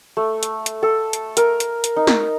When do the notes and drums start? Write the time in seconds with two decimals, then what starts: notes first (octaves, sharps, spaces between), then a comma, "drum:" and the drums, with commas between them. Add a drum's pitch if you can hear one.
0.17 A3
0.43 drum: hi-hat
0.66 drum: hi-hat
0.83 A4
1.13 drum: hi-hat
1.37 A#4, drum: hi-hat
1.60 drum: hi-hat
1.84 drum: hi-hat
1.96 D#4
2.07 drum: snare